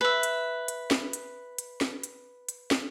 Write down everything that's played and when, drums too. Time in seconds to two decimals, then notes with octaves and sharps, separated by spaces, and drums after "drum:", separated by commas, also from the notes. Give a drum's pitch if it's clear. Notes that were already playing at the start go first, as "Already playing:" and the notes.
0.01 B4 E5
0.23 drum: hi-hat
0.68 drum: hi-hat
0.91 drum: snare
1.13 drum: hi-hat
1.58 drum: hi-hat
1.81 drum: snare
2.03 drum: hi-hat
2.49 drum: hi-hat
2.71 drum: snare